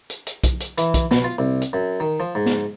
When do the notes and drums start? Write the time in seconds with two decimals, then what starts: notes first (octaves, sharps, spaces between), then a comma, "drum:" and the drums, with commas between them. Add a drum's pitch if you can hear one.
0.10 drum: hi-hat
0.27 drum: hi-hat
0.44 drum: kick B1, hi-hat
0.60 drum: hi-hat
0.78 E3, drum: hi-hat
0.94 drum: kick B1, hi-hat
1.11 B2, drum: snare
1.24 F4
1.39 C2
1.62 drum: hi-hat
1.73 F#2
2.00 D#3
2.20 F3
2.35 G#2
2.46 drum: snare